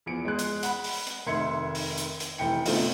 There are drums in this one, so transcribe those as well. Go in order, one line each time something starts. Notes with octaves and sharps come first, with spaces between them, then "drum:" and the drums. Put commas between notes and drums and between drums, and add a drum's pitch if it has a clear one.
E2 F3 C#7 D7
G#3 F#6
drum: hi-hat
F#5 B5, drum: hi-hat
drum: open hi-hat
drum: hi-hat
F1 D#3 E5 C6 G#6 C#7
drum: open hi-hat
drum: hi-hat
drum: hi-hat
F1 E3 G5 C#7
B2 D3 A3 C4 D#4 F4, drum: open hi-hat